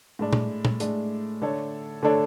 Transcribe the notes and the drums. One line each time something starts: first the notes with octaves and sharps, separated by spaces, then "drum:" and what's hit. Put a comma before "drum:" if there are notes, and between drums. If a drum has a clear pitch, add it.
A2 G#3 D4
drum: tom
drum: tom
A2 G#3 D4, drum: hi-hat
D3 A3 D4 A4 C#5
D3 A3 D4 A4 C#5